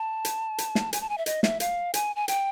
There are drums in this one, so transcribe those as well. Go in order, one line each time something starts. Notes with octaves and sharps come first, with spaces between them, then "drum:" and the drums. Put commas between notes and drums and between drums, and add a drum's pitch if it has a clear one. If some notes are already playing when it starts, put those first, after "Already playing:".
Already playing: A5
drum: hi-hat
drum: hi-hat
drum: snare
G#5, drum: hi-hat
A5
G#5
E5
D#5, drum: hi-hat
E5, drum: snare
F5, drum: hi-hat
G#5, drum: hi-hat
G#5
G5, drum: hi-hat